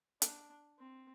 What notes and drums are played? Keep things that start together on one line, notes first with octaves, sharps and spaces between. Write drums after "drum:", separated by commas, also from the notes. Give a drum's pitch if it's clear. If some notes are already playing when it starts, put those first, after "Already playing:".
D4, drum: hi-hat
C4